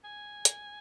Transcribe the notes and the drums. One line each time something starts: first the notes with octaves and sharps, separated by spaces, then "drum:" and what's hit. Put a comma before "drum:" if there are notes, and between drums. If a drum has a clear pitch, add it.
G#5
drum: hi-hat